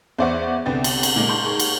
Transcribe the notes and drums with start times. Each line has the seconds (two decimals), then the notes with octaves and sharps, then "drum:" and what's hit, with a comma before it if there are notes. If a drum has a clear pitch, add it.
0.19 E2 C5 D5 E5 F#5 C#6
0.66 C2 D3 B3 G5 A6
0.84 drum: cymbal
1.03 drum: cymbal
1.16 A#2 G#3 A#3
1.29 A5 C6 C#6 G6
1.44 D#4 G#4 A#4 C#6
1.60 drum: cymbal